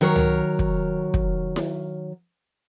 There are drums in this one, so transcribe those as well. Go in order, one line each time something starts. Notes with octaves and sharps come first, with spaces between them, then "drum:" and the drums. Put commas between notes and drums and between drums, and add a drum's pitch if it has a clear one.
D#3 F#3 A#4 C#5
drum: tom C2
drum: kick
drum: kick
drum: snare E4